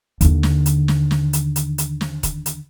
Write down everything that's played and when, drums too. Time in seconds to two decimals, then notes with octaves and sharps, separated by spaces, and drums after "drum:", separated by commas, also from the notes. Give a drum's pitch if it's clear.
0.21 D#2 D3, drum: hi-hat
0.43 drum: snare
0.66 drum: hi-hat
0.88 drum: snare
1.11 drum: snare
1.33 drum: hi-hat
1.56 drum: hi-hat
1.78 drum: hi-hat
2.01 drum: snare
2.23 drum: kick E1, hi-hat
2.46 drum: hi-hat